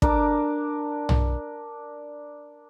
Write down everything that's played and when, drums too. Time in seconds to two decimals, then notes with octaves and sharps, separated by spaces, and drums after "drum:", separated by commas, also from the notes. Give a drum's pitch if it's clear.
0.02 D4 A#4 D6, drum: kick
1.09 drum: tom